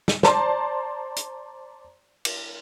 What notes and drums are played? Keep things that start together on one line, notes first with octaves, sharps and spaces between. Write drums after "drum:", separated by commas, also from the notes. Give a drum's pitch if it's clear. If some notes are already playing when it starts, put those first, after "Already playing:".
drum: snare
C5 D5 A5 A#5 C6, drum: snare
drum: hi-hat
drum: cymbal